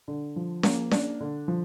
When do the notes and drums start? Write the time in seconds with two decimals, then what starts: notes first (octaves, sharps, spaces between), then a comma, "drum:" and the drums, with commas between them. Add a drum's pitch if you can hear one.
0.08 D3
0.36 F3
0.63 A#3, drum: snare C#4
0.92 D4, drum: snare C#4
1.20 D3
1.48 F3